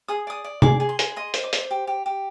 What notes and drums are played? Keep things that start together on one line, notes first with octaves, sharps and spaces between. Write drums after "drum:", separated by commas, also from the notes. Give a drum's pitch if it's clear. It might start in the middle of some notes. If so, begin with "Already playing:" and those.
G#4 D#6
D5 D#6
D5
G#4 D6, drum: tom C3
G#4
C6
G#4, drum: hi-hat
D#5 C6
C5, drum: hi-hat
D6
C5, drum: hi-hat
G4
G4
G4